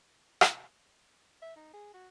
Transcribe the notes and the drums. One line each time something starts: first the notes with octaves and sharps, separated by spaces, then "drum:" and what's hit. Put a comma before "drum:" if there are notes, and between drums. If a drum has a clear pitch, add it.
drum: rim click
E5
D#4
G#4
F#4